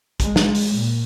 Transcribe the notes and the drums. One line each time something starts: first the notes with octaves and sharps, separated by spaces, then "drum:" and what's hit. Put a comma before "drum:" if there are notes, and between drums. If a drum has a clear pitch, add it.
G#3, drum: kick A#1, hi-hat
drum: snare
drum: open hi-hat
A#2